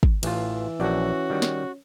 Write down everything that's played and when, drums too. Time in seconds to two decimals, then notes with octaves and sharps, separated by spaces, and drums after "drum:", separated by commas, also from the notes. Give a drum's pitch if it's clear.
0.03 drum: kick
0.23 A1 E3 F4, drum: cymbal
0.80 A#1 C#4 F#4 D5
1.30 D#3 G3
1.42 drum: snare